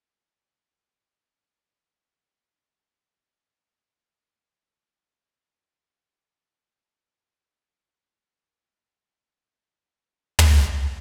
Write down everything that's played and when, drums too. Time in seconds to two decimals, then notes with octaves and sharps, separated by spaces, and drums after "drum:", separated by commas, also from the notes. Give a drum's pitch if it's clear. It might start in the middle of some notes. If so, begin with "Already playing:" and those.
Already playing: A#2 G#3 A#3 C#4
0.11 C#3
0.94 A#2
2.61 A#2
3.34 A#2
3.44 C#3
3.65 D#3
3.85 C#3
4.07 C#3
4.27 A#2
4.48 A#2
4.82 C#3
4.90 A#2
5.11 A#2
5.31 A#2
5.53 D#3
5.73 F#3
6.77 G#3
7.19 A#3
7.61 A#3
7.81 C#4
8.03 A#3
8.24 C#4
8.44 A#3
10.39 drum: tom